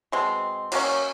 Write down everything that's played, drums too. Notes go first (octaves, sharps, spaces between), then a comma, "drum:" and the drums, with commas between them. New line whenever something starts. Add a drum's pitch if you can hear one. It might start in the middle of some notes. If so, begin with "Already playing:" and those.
B2 G#3 C4
F#3 A#3 C#4, drum: cymbal